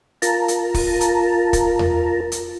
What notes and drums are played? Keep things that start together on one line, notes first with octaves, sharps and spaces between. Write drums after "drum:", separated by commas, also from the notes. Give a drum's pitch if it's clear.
F4 A#4 A5 A#5, drum: hi-hat
drum: hi-hat
drum: kick, open hi-hat
drum: hi-hat
drum: kick, hi-hat
drum: tom E2
drum: hi-hat